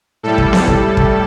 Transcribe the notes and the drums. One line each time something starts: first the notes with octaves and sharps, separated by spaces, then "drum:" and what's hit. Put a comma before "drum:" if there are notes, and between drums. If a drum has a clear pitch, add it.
A2 G3 A4
drum: kick
drum: snare B3
drum: kick
drum: kick